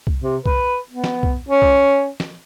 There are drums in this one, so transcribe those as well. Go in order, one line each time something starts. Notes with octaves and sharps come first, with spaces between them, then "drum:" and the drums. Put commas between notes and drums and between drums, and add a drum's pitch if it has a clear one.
drum: kick
C3
B4, drum: kick
B3
drum: snare
drum: kick
C#4
drum: kick
drum: snare